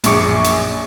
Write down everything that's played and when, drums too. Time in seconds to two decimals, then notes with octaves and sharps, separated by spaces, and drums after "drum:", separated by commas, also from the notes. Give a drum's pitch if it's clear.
0.04 A#1 F#2 G#4 C#6 D6 C#7, drum: hi-hat
0.44 drum: hi-hat